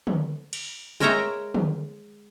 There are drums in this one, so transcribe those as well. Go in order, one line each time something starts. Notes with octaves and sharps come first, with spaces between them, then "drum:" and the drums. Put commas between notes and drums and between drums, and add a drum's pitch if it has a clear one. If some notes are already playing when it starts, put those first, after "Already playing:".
drum: tom
drum: cymbal
G#3 A#4 C#5 E5 G5 A#5, drum: tom G#3
drum: tom